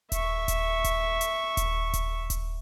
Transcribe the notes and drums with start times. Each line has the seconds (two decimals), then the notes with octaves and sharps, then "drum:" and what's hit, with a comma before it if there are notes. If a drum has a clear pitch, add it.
0.12 E5 C#6, drum: kick D#1, hi-hat
0.48 drum: kick D#1, hi-hat
0.84 drum: kick D#1, hi-hat
1.21 drum: hi-hat
1.57 drum: kick D#1, hi-hat
1.93 drum: kick D#1, hi-hat
2.30 drum: kick D#1, hi-hat